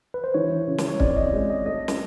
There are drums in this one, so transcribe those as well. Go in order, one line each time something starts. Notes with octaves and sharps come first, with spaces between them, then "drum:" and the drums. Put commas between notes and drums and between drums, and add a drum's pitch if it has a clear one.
B4
C5
E3 C#5
C#3
drum: snare
C#5
C4 D5, drum: kick
D#5
G#3
D#5
A3 D#5
drum: snare